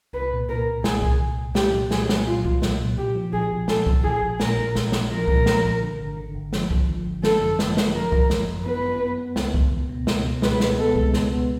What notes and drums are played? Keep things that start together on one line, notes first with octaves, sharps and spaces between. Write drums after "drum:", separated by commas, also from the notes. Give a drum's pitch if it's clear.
C2 B4
A#2
A#2 A#4
C2
C2 G#4, drum: snare
C2, drum: kick C2
C2
C2
F#3 G4, drum: snare
A#2
F#3 G#4, drum: snare
F#3, drum: snare
A#2 F4
F#3, drum: kick C2
C2, drum: snare
A#2
A#2 G4
F3
A#1 G#4
A#1
A#1 A4, drum: snare
A#1, drum: kick C2
A#1 G#4
A#1
A#2 A#4, drum: snare
A#1
A#1, drum: snare
A#2, drum: snare
F3 A#4
A#2, drum: kick C2
F3, drum: snare
A#1
D3
G#1
D3
G#1
F3, drum: snare
F3, drum: kick C2
D3
G#1
D3 A4, drum: snare
F#2
F3, drum: snare
F3, drum: snare
F3 A#4
F3, drum: kick C2
G#1, drum: snare
F#2
B3 B4
B3
B3
B3
C#2, drum: snare
C#2, drum: kick C2
C#2
B2
C#2, drum: snare
B2
G#3 B4, drum: snare
G#3, drum: snare
B3 A4
G#3, drum: kick C2
C#2, drum: snare
B3